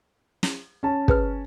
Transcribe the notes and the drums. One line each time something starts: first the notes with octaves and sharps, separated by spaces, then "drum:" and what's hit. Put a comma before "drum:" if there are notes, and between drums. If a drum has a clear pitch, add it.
drum: snare
C#4 A5
G#4 B4 F6, drum: kick